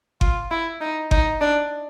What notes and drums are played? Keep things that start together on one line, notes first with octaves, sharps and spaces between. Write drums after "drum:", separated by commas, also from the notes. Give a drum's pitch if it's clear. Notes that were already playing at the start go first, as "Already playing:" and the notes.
F4, drum: kick G1
E4
D#4
D#4, drum: kick G1
D4